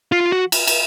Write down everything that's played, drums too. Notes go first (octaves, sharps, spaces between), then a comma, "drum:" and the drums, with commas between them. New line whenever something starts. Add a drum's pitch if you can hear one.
F4
F#4
drum: cymbal
drum: cymbal